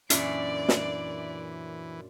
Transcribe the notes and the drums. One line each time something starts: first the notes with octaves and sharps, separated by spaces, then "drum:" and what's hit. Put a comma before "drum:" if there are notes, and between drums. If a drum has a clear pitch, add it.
F#2 A#2 E3 D4 D5 E5 C#6, drum: hi-hat
drum: snare